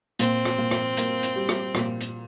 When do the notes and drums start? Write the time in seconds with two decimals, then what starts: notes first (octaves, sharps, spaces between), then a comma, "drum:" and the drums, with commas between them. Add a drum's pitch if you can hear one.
0.19 A#2 C4, drum: hi-hat
0.45 drum: rim click
0.58 A#2
0.71 drum: rim click
0.97 A#3, drum: hi-hat
1.23 drum: hi-hat
1.36 G3
1.49 drum: rim click
1.75 A#2, drum: rim click
2.01 drum: hi-hat